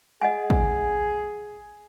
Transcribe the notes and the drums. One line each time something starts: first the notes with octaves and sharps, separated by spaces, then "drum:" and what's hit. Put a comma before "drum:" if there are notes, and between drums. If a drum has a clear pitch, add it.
G#4 D#5 F#5 G#5
drum: kick